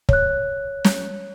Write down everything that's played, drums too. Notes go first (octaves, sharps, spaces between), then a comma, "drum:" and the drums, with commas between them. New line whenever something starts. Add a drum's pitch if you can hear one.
C#5 F#6, drum: kick
drum: snare